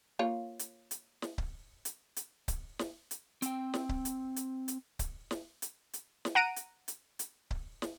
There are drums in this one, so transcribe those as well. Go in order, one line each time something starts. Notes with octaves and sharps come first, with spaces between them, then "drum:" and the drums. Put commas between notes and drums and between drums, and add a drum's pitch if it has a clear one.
A#3 F4 C#5
drum: hi-hat
drum: hi-hat
drum: snare
drum: kick C#1
drum: hi-hat
drum: hi-hat
drum: kick C#1, hi-hat
drum: snare
drum: hi-hat
C4 G5, drum: hi-hat
drum: snare
drum: kick C#1
drum: hi-hat
drum: hi-hat
drum: hi-hat
drum: kick C#1, hi-hat
drum: snare
drum: hi-hat
drum: hi-hat
drum: snare
F#5 A#5 D7 D#7
drum: hi-hat
drum: hi-hat
drum: hi-hat
drum: kick C#1
drum: snare